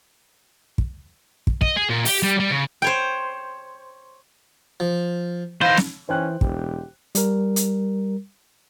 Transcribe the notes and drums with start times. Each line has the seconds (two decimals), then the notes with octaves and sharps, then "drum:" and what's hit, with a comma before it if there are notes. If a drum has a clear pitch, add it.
0.78 drum: kick
1.47 drum: kick
1.61 D#5, drum: kick
1.76 G#4
1.89 A#2
2.05 G4, drum: open hi-hat
2.23 G3
2.40 G3
2.51 C#3
2.82 C5 C#5 G5
4.80 F3
5.62 E3 D#4 C5 F5
5.78 drum: snare
6.09 E3 C#4 C5 G5 F#6
6.41 E1 G4, drum: kick
7.15 G3 A#4, drum: hi-hat
7.56 drum: hi-hat